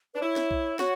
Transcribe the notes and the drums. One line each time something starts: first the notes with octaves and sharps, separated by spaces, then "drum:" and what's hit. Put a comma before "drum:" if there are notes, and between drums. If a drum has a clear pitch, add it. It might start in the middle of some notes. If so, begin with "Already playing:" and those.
D4 B4
E4 C#5
drum: snare
drum: kick
F#4 C#5, drum: snare